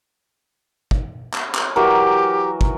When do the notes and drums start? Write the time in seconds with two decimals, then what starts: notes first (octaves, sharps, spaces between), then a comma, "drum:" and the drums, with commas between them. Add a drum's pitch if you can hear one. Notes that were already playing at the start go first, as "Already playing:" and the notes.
0.91 drum: kick
1.33 drum: clap
1.55 drum: clap
1.76 E3 F#3 G4 A#4
2.61 drum: kick